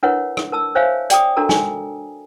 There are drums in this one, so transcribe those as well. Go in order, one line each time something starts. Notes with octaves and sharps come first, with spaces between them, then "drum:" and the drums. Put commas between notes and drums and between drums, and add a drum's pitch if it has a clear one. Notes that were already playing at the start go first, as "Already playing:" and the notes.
D4 E4 A#4 B4 C#5 F#5
drum: rim click
A#4 A5 E6
C5 C#5 E5 F5 G#5
D5 G5 D6 D#6, drum: hi-hat
D4 F#4 A4 A#4 A#5
G#5, drum: snare